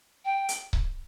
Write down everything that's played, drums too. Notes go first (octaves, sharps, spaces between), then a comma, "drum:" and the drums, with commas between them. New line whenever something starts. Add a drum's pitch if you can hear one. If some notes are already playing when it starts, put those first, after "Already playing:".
G5
drum: hi-hat
drum: kick C#1